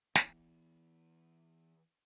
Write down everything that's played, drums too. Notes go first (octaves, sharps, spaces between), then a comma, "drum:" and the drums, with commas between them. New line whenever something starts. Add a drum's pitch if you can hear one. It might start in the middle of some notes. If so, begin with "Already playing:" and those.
E3 B3, drum: snare